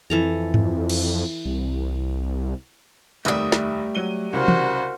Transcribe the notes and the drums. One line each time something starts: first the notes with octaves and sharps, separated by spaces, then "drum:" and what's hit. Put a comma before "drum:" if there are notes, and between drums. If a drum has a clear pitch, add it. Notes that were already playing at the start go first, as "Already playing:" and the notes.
F2 E3 A4 A#5
drum: tom G2
drum: cymbal
C2
F1 D#2 G3 A3 E5 D#6
drum: snare
F#3 D#7 G7
C2 C#3 F#4 A#4 C5
drum: tom